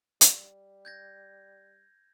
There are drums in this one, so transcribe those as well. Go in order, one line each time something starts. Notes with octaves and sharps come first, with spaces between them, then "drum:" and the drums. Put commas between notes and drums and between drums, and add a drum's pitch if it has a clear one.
G3, drum: hi-hat
G6 G#6 A#6